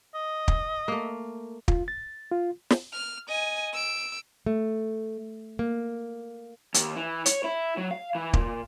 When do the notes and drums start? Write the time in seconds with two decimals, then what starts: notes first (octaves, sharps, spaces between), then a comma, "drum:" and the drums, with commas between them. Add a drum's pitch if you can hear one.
0.15 D#5
0.48 drum: kick
0.88 A3 A#3
1.68 F4, drum: kick
1.88 A6
2.32 F4
2.70 drum: snare
2.93 F6
3.28 D#5 G#5
3.73 E6 D7
4.46 A3
5.59 A#3
6.74 D#2, drum: hi-hat
6.96 E3
7.26 C#5, drum: hi-hat
7.44 E4
7.77 F#3
7.91 F5
8.15 E3
8.33 A#2, drum: kick